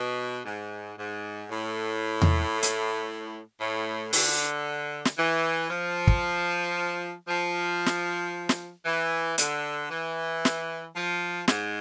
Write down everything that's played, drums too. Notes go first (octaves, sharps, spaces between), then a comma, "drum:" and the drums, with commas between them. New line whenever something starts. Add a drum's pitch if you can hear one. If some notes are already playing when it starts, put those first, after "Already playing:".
Already playing: B2
G#2
G#2
A2
drum: tom E2
drum: hi-hat
A2
D3, drum: open hi-hat
drum: snare
E3
F3
drum: kick
F3
drum: snare
drum: snare
E3
D3, drum: hi-hat
E3
drum: snare
F3
G#2, drum: snare